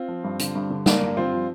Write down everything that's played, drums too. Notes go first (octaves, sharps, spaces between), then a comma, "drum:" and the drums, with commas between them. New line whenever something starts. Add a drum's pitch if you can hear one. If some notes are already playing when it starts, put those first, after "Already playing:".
Already playing: C4 F4
F3
G2
D3, drum: hi-hat
G2
D3
D3 A#3 D4, drum: snare
G2
G2 C4 F4
F3